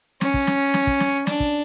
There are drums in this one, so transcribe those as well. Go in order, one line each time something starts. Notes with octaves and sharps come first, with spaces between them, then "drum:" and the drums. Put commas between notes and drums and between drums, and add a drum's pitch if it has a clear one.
C#4, drum: snare
drum: kick
drum: snare
drum: snare
drum: kick
drum: snare
D4, drum: snare
drum: kick